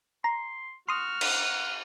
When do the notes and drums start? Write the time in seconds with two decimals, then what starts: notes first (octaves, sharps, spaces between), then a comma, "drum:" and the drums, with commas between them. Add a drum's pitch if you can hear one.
0.24 A#5 C6
0.89 F#4 C6 D#6 F6
1.21 F#5, drum: cymbal